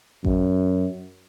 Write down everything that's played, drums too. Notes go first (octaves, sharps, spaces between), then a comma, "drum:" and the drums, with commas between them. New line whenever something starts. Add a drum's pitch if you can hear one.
F#2, drum: kick A1